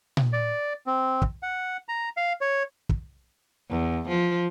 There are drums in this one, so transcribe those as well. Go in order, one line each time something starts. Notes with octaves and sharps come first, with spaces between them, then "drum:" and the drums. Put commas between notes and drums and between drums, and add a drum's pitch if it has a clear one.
drum: tom A#2
D5
C4
drum: kick
F#5
A#5
F5
C#5
drum: kick
E2
F3